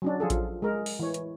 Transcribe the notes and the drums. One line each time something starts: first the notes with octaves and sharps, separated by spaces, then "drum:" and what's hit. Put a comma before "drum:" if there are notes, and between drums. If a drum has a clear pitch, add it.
F#3 C#4 D4
F3 F4 G#4 A4
drum: kick A1, hi-hat
G#3 A#4
drum: open hi-hat
E3 C#5
drum: hi-hat